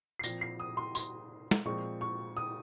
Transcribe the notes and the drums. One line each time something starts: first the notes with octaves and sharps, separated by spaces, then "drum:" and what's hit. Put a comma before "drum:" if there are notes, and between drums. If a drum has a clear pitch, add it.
C7
A#2 F3 C4 A#6, drum: tambourine
C7
D#6
C6
C6, drum: tambourine
drum: snare
A#2 F3 G#3 C4 C#6
C#6
D#6